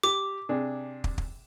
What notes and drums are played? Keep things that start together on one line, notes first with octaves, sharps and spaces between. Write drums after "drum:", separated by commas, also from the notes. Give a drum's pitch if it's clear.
G4 D6
C3 D4 G#4
drum: kick
drum: kick